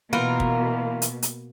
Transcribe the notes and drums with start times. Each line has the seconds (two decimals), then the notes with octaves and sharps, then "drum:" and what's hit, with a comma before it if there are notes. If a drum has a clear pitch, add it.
0.13 B2 E3 A#3 F4 A#4
0.40 drum: kick
1.02 drum: hi-hat
1.22 drum: hi-hat